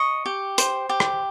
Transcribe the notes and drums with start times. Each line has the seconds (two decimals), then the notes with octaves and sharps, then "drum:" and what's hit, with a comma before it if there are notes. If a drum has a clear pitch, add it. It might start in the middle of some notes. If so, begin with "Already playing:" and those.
Already playing: D#5 C#6
0.26 G4
0.58 C5, drum: hi-hat
0.89 G4
1.00 drum: rim click